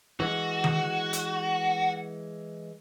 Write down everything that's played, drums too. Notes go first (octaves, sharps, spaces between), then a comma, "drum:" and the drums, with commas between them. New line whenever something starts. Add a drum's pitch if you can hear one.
E3 G#3 F#4
drum: tom D#3
drum: hi-hat